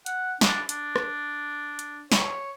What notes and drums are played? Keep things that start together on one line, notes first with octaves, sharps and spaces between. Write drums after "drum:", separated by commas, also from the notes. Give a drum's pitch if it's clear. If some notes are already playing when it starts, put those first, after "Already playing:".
F#5, drum: hi-hat
D4, drum: snare
D4, drum: hi-hat
drum: rim click
drum: hi-hat
C#5, drum: snare